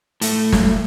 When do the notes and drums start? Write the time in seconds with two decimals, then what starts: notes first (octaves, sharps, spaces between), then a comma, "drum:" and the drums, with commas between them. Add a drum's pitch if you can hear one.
0.21 A2 A3, drum: hi-hat
0.52 drum: snare